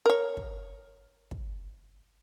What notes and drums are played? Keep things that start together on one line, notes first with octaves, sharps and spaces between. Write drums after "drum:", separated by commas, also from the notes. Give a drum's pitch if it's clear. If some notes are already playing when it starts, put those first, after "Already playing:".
A#4 C#5
drum: kick
drum: kick